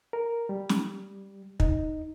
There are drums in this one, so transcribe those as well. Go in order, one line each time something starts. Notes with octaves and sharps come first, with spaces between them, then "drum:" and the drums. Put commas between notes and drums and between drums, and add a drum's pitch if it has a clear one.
A#4
G3
drum: snare
D#4, drum: kick